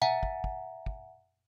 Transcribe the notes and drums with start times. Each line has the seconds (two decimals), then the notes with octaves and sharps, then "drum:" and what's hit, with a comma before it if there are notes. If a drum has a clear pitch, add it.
0.02 E5 F#5 G#5 A#5, drum: tom
0.23 drum: kick
0.44 drum: kick
0.86 drum: kick